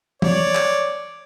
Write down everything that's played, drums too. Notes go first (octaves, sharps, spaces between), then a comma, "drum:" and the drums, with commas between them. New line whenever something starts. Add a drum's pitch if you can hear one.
C#5 D5, drum: tom
drum: clap